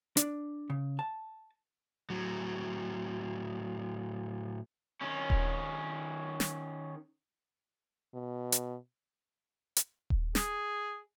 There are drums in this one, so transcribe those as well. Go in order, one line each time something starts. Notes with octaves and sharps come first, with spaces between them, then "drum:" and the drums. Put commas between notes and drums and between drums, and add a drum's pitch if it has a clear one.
D4, drum: hi-hat
C#3
A5
A2 F#3
D#3 C#4
drum: kick D#1
drum: snare
B2
drum: hi-hat
drum: hi-hat
drum: kick D#1
G#4, drum: snare